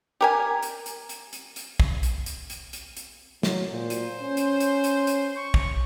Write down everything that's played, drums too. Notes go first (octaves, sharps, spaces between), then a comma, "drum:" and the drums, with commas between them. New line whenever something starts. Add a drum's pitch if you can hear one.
G4 A#4 G#5
drum: hi-hat
drum: hi-hat
drum: hi-hat
drum: hi-hat
drum: hi-hat
drum: kick
drum: hi-hat
drum: hi-hat
drum: hi-hat
drum: hi-hat
drum: hi-hat
F#3, drum: snare
A#2 C5
drum: hi-hat
C#4
drum: hi-hat
drum: hi-hat
drum: hi-hat
drum: hi-hat
C#6
drum: kick